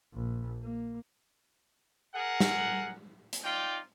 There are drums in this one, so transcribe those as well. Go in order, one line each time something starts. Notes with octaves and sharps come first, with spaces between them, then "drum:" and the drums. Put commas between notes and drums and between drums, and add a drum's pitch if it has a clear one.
A#1
A#3
G#4 A#4 F#5
drum: snare
drum: hi-hat
D#4 F4 D5 G5